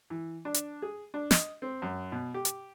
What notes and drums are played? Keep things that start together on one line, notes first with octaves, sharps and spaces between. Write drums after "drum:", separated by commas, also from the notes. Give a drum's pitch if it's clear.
E3
D4
drum: hi-hat
G#4
D4
D#5, drum: snare
C4
F#2
B2
G4
drum: hi-hat